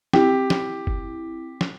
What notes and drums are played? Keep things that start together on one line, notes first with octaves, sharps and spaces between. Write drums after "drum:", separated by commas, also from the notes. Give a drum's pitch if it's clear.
C4 E4 G4, drum: snare
drum: snare
drum: kick
drum: snare